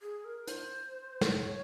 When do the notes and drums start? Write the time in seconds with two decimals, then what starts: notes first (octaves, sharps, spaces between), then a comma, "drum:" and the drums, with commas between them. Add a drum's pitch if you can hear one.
0.02 G#4
0.25 A#4
0.47 C5, drum: hi-hat
1.21 drum: snare
1.37 C#5